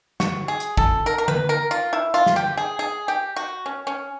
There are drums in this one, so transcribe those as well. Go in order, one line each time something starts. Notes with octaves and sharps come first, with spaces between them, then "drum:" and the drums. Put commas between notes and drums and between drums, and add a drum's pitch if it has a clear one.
F#4, drum: snare
G#4
drum: hi-hat
A4, drum: kick
A#4
A#4
B4, drum: tom D3
A#4
F4
E4
F4
drum: snare
G4
G#4
G#4
G4
F#4
C#4
C#4